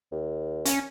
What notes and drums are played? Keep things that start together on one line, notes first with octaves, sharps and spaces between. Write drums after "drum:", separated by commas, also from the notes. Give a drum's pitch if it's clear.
D#2
C#4, drum: hi-hat